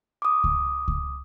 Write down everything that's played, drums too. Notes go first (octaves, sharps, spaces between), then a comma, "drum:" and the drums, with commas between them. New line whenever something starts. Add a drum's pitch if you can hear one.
D6 D#6
drum: kick C#2
drum: kick C#2